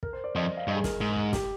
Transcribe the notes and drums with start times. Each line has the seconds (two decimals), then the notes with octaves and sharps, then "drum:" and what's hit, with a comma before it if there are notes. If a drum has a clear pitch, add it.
0.03 A#4, drum: kick
0.13 C5
0.24 D5
0.35 F2 D#5
0.57 F5
0.68 G2 D#5
0.76 G#4
0.84 A#4, drum: snare
1.01 G#2
1.16 drum: kick
1.33 G4, drum: snare